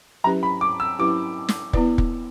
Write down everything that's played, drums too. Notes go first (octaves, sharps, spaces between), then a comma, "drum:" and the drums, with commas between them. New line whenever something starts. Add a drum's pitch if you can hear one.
F#3 C#4 E4 G4 B4 A#5
B5
D6
E6
F#3 C#4 E4 G4 B4 D6
drum: snare
B3 E4 B4 D5, drum: kick
drum: kick